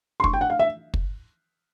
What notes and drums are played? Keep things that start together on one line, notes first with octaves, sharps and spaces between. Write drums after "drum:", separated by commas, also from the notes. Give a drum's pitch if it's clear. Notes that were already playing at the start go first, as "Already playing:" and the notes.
C6
C#6, drum: kick
G5
F#5
F5
E5
drum: kick